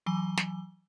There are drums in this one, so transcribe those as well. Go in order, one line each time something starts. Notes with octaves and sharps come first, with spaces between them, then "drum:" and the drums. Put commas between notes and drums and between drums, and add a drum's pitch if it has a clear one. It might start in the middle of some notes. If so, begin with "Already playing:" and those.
E3 F#3 G#5 G7
drum: snare